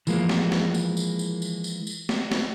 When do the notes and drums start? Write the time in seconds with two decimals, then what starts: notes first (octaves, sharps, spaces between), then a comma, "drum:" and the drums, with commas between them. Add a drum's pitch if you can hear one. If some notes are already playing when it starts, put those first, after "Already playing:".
0.07 E3 F3 G#3 A#3, drum: tambourine
0.29 drum: snare
0.52 drum: snare
0.74 drum: tambourine
0.97 drum: tambourine
1.19 drum: tambourine
1.42 drum: tambourine
1.64 drum: tambourine
1.87 drum: tambourine
2.09 drum: snare
2.32 drum: snare